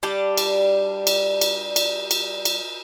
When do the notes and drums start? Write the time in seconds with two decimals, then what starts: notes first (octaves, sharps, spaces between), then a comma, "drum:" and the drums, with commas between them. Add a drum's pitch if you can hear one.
0.03 G3 D4 G4
0.37 drum: cymbal
1.07 drum: cymbal
1.41 drum: cymbal
1.76 drum: cymbal
2.11 drum: cymbal
2.45 drum: cymbal